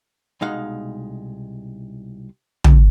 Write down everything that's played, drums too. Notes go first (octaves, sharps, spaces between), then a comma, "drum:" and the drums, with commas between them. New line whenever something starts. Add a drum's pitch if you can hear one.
C2 B2 G#3 D#4 F5 F#5
drum: tom